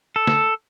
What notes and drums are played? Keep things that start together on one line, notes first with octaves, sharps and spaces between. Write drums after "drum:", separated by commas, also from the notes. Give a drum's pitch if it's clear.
A4
drum: snare